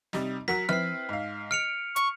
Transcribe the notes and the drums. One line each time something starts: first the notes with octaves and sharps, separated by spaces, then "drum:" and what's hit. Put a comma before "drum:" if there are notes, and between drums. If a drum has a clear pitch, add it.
C3 G3 D#4, drum: snare
F#3 F#4 A#4 B6, drum: snare
C4 E4 B4 F6 C7, drum: tom F3
G#2 F5
F6 C#7 D7 F7
C#6, drum: hi-hat